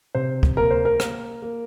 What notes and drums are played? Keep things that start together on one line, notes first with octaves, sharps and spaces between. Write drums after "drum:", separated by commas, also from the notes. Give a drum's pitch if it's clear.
C3 C5
drum: kick
A#3 A#4
C5
A#4
A#3, drum: rim click
A#3